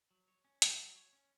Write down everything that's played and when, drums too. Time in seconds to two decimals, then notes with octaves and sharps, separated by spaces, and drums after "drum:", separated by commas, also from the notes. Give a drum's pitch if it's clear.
0.11 F#3
0.28 C#5
0.45 C#4
0.62 G#4, drum: hi-hat
0.79 F#3
0.96 C#5
1.13 C#4